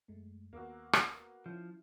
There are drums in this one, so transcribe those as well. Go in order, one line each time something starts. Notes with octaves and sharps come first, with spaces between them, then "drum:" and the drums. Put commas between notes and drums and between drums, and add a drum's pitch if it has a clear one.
F#2 G#3 A3
D#2 A#3 B3 F#4 D6 E6
drum: rim click
F3 C#4 E4